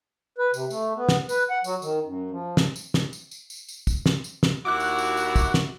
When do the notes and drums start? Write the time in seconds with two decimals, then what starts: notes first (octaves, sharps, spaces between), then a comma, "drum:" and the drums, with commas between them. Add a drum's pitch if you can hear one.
0.38 B4
0.54 C3, drum: tambourine
0.70 A3, drum: tambourine
0.95 B3
1.09 drum: snare
1.29 B4, drum: tambourine
1.50 F#5
1.64 F#3, drum: tambourine
1.82 D#3, drum: tambourine
2.05 F#2
2.31 F3
2.57 drum: snare
2.76 drum: tambourine
2.94 drum: snare
3.13 drum: tambourine
3.31 drum: tambourine
3.50 drum: tambourine
3.68 drum: tambourine
3.87 drum: kick, tambourine
4.06 drum: snare
4.24 drum: tambourine
4.43 drum: snare
4.65 D#2 E4 F#4 D6 F#6
4.80 drum: tambourine
4.98 drum: tambourine
5.17 drum: tambourine
5.36 drum: kick, tambourine
5.54 drum: snare